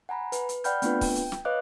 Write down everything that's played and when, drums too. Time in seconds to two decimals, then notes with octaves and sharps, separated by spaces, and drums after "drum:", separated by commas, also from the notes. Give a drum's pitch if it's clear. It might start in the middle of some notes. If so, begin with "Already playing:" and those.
0.09 F#5 G#5 A#5 B5
0.32 B4, drum: hi-hat
0.49 drum: hi-hat
0.64 D5 F#5 G5 B5 F6 G6, drum: hi-hat
0.82 A3 B3 C4 D4 F4 B4, drum: hi-hat
1.01 G5, drum: kick, open hi-hat
1.15 drum: hi-hat
1.32 drum: snare
1.45 B4 C#5 D#5 F5 D6 F#6